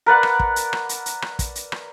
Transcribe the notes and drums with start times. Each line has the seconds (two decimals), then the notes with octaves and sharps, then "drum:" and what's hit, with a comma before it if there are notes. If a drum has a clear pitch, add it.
0.06 A#4 B4 D5 F#5
0.23 drum: rim click
0.40 drum: kick
0.56 drum: hi-hat
0.73 drum: rim click
0.89 drum: hi-hat
1.06 drum: hi-hat
1.22 drum: rim click
1.39 drum: kick, hi-hat
1.55 drum: hi-hat
1.72 drum: rim click